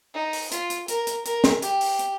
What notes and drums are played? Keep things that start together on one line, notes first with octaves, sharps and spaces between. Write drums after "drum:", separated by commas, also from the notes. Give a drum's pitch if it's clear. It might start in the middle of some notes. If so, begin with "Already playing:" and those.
D#4
drum: open hi-hat
F4, drum: hi-hat
drum: hi-hat
A#4, drum: hi-hat
drum: hi-hat
A#4, drum: hi-hat
drum: snare
G4, drum: hi-hat
drum: open hi-hat
drum: hi-hat